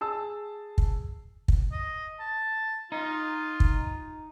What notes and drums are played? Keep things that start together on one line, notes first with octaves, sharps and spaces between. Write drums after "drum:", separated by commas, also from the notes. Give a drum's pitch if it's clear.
G#4 A5 E6
drum: kick
drum: kick
D#5
A5
D#4 F4
drum: kick